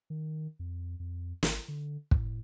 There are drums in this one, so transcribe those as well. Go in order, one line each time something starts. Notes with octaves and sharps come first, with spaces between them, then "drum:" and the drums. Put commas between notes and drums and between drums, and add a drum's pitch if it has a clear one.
D#3
F2
F2
G#1, drum: snare
D3
A2, drum: kick